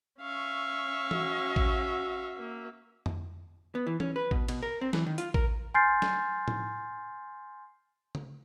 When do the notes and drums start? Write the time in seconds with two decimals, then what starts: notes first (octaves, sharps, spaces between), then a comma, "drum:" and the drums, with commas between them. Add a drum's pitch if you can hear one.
0.21 C#4 E5 F5 C#6
1.11 F#4, drum: tom E3
1.56 drum: kick
2.37 A#3
3.06 drum: tom F2
3.75 B3
3.87 E3
4.00 C#4, drum: tom E3
4.16 B4
4.31 B2, drum: kick
4.48 B2, drum: cymbal
4.62 A#4
4.81 C4
4.93 E3, drum: snare F#3
5.06 D#3
5.18 F4, drum: hi-hat
5.34 A#4, drum: kick
5.74 G#5 C6 F6 G6 A6 C7
6.02 drum: snare F#3
6.48 drum: tom A2
8.15 drum: tom C#3